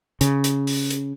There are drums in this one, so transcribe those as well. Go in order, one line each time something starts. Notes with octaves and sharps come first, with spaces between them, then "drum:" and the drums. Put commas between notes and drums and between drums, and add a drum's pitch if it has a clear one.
C#3, drum: hi-hat
drum: hi-hat
drum: open hi-hat
drum: hi-hat